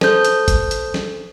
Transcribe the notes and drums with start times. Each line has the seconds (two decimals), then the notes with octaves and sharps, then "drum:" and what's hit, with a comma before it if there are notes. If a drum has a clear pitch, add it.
0.01 A4 C5 G6, drum: snare
0.25 drum: hi-hat
0.48 drum: kick, hi-hat
0.71 drum: hi-hat
0.94 drum: snare